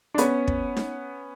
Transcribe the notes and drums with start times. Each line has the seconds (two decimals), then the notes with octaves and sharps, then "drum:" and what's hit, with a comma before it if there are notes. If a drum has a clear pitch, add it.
0.14 D4
0.18 B3 C#4, drum: hi-hat
0.48 drum: kick
0.77 drum: snare D#4